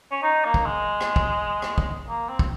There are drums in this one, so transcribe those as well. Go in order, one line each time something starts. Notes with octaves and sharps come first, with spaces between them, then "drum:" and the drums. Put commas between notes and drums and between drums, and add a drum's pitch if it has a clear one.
C#4
D#4
A#3
drum: kick
G#3
drum: rim click
drum: kick
drum: rim click
drum: kick
A#3
C4
drum: kick